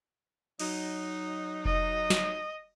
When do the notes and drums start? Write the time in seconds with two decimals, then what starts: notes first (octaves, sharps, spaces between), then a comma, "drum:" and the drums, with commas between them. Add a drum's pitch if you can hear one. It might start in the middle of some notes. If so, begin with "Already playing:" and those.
0.59 F#3 D#4, drum: cymbal
1.65 D#5, drum: kick F1
2.10 drum: snare